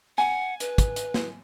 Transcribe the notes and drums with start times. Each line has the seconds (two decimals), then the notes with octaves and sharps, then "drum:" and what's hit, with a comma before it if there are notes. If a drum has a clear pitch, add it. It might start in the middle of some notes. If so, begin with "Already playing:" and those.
0.18 F#5 G#5
0.60 B4, drum: hi-hat
0.78 drum: kick, hi-hat
0.96 drum: hi-hat
1.14 drum: snare